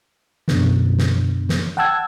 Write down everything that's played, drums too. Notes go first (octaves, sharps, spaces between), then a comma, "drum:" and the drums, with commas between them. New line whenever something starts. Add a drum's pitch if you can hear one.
F#2 B2 D3, drum: snare
drum: snare
drum: snare
F#5 G5 A5 E6 G#6